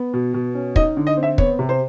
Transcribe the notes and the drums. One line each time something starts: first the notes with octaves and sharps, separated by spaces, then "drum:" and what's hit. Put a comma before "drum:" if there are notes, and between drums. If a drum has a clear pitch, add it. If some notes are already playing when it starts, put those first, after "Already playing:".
Already playing: B3
B2
B2
C#4
D#4 D#5, drum: kick
D3
D#5
C4
E5
B3 C#5, drum: kick
C3
C5